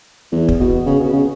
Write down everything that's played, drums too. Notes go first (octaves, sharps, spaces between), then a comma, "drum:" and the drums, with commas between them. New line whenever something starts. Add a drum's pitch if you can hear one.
E2
drum: kick
B2
C#3
B2
C#3